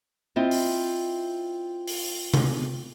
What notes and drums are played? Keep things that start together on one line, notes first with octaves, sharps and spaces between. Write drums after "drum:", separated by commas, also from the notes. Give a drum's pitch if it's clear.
C4 E4 F4 D#5
drum: open hi-hat
drum: open hi-hat
drum: tom C3